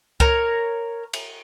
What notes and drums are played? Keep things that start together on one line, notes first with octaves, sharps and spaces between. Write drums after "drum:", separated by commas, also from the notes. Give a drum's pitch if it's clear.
A#4 C#5, drum: kick C#2
drum: cymbal